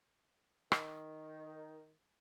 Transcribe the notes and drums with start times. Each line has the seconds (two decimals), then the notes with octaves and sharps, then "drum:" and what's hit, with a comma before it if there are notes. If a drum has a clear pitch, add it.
0.72 D#3, drum: rim click